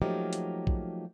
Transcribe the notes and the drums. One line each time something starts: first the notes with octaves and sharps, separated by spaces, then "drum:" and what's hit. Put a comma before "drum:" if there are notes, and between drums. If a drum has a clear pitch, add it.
F3 F#3 A3 A#3 D#4 G4
drum: hi-hat
drum: kick A#1